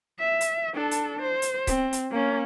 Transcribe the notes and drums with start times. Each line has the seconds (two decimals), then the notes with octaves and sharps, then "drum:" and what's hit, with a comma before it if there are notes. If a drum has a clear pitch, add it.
0.19 E5
0.41 drum: hi-hat
0.75 D4 A4
0.91 drum: hi-hat
1.22 C5
1.42 drum: hi-hat
1.67 C4, drum: kick C#1, hi-hat
1.93 drum: hi-hat
2.11 A#3 C#4